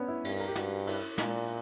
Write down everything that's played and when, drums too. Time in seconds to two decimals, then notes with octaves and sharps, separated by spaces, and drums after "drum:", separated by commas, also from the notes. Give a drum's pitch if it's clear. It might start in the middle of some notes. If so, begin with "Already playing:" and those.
Already playing: B3 C#4 D4
0.08 E4
0.25 G2, drum: cymbal
0.40 A#4
0.48 G4
0.56 G2 F#4, drum: snare
0.87 E4, drum: cymbal
1.18 A#2 D4, drum: snare